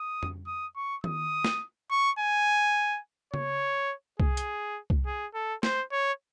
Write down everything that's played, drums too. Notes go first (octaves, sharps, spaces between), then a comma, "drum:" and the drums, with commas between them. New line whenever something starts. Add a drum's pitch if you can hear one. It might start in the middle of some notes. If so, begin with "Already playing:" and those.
Already playing: D#6
drum: tom F2
D#6
C#6
D#6, drum: tom D#3
drum: snare
C#6
G#5
C#5, drum: tom C#3
G#4, drum: kick C2
drum: hi-hat
drum: kick C2
G#4
A4
C5, drum: snare
C#5